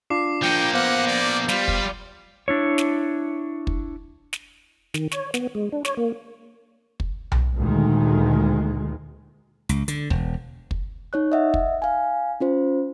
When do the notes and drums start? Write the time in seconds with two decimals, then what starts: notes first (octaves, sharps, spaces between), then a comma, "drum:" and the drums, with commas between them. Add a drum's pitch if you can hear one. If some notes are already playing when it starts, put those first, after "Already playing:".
0.10 D4 F4 D6 C7
0.43 F3 A#3 G5 G6 C#7 D#7
0.73 B3 C5 F5 F#5
1.07 D5
1.49 G3 F4, drum: snare
1.68 drum: kick
2.48 D4 E4 C#5
2.78 drum: snare
3.67 drum: kick
4.33 drum: snare
4.94 D#3, drum: snare
5.11 C#5, drum: snare
5.34 B3, drum: snare
5.55 G#3
5.72 D4
5.85 C#5, drum: snare
5.97 A#3
7.00 drum: kick
7.32 drum: tom B1
7.57 D2 A#2 D#3 G#3
9.69 C#2, drum: hi-hat
9.88 D3, drum: hi-hat
10.10 E1, drum: kick
10.71 drum: kick
11.13 D#4 C#5 F#6
11.32 D#5 E5 F#5
11.54 drum: kick
11.82 F5 G#5
12.40 C#4 F4 C5